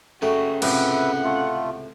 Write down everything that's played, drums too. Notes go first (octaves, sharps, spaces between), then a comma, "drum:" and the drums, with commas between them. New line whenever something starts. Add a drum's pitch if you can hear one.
A3 C#4 F#4 G#4 G5
C#2 A2 C3 B4 E5 F#5, drum: cymbal
A3 F4